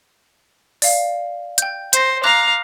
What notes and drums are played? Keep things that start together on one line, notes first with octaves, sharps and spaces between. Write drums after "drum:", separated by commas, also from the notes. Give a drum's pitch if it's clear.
D5 F5, drum: open hi-hat
G5 G6, drum: hi-hat
C5 G6 A#6, drum: hi-hat
F5 A#5 D6 F#6 A#6